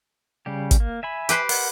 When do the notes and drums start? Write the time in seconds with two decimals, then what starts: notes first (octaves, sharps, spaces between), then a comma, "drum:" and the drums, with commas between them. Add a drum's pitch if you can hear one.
0.46 C#3 G3 G4
0.71 drum: kick, hi-hat
0.80 A#3
1.03 E5 G#5 B5
1.29 G4 B4 C5, drum: hi-hat
1.49 A#4 F#5, drum: open hi-hat